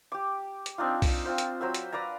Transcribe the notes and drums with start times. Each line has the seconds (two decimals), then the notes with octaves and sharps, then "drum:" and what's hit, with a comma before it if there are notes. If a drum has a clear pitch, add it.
0.12 G4 D6
0.66 drum: hi-hat
0.78 C4 D4 D#4 F4
1.02 drum: kick B1, open hi-hat
1.25 C4 F4 C5
1.38 drum: hi-hat
1.60 F#3 C5 B5 E6
1.74 drum: hi-hat
1.93 B4 D5 F5 A#5